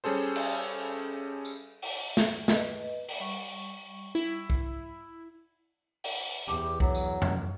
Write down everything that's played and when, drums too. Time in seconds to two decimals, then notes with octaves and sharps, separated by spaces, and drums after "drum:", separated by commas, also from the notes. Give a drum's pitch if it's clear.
0.04 G3 C#4 G#4 A4 C5
0.36 drum: cymbal
1.45 drum: tambourine
1.82 drum: open hi-hat
2.17 drum: snare
2.48 B4 D#5, drum: snare
3.09 drum: open hi-hat
3.20 G3 C#6
4.15 E4
4.50 drum: kick
6.04 drum: open hi-hat
6.48 E2 G4, drum: hi-hat
6.80 F#3, drum: kick
6.95 drum: tambourine
7.22 F#2, drum: tom E2